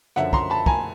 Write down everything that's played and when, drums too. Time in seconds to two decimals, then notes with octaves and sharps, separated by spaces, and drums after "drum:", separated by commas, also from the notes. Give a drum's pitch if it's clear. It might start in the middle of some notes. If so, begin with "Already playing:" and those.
0.16 F#2 D3 F3 E5 F#5, drum: rim click
0.33 A#5 C6, drum: kick
0.50 A5 B5
0.66 G#5 A#5, drum: kick